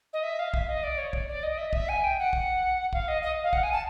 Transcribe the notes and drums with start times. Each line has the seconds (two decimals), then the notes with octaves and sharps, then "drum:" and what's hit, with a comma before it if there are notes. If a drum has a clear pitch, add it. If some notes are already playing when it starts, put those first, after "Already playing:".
0.13 D#5
0.23 E5
0.39 F5
0.54 E5, drum: kick
0.68 D#5
0.83 D5
0.98 C#5
1.13 D5, drum: kick
1.28 D5
1.43 D#5
1.58 E5
1.67 D#5
1.73 E5, drum: kick
1.89 G#5
2.04 G5
2.19 F#5
2.33 drum: kick
2.93 F5, drum: kick
3.08 D#5
3.22 D#5
3.43 F5
3.53 F#5, drum: kick
3.63 G#5
3.72 A5